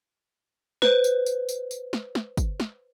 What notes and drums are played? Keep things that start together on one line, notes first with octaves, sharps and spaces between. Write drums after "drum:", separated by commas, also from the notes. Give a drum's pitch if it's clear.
B4 C5, drum: snare
drum: tambourine
drum: tambourine
drum: tambourine
drum: tambourine
drum: snare
drum: snare
drum: kick, tambourine
drum: snare